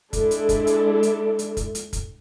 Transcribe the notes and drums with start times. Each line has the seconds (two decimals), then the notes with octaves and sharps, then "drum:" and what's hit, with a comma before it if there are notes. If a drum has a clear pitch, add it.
0.13 G#3 D4 E4 A4, drum: kick, hi-hat
0.31 drum: hi-hat
0.49 drum: kick, hi-hat
0.67 drum: hi-hat
1.03 drum: hi-hat
1.39 drum: hi-hat
1.57 drum: kick, hi-hat
1.75 drum: hi-hat
1.93 drum: kick, hi-hat